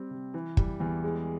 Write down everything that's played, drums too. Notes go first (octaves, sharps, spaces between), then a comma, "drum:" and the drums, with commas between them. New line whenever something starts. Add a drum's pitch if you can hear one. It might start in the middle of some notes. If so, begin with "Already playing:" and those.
Already playing: G3 C4
C3
E3
G3, drum: kick
E2
G#3